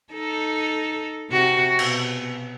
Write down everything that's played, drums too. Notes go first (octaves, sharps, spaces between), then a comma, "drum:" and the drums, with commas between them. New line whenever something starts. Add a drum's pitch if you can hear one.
D#4 A4
C3 F#4
B2, drum: cymbal